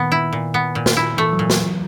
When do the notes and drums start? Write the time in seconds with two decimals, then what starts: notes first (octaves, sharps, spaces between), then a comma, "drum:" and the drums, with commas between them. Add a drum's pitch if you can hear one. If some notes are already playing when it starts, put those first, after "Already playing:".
Already playing: A#2 D#3 B3
0.12 E4
0.33 A#2
0.54 B3
0.75 A#2
0.86 drum: snare
0.97 E4
1.17 E3 A3
1.33 F#3
1.39 A#2
1.50 drum: snare